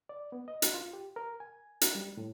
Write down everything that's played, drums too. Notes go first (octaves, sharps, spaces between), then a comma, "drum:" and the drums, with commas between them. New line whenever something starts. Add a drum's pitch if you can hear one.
D5
B3
D#5
drum: hi-hat
F4
G4
A#4
G#5
drum: hi-hat
G3
A2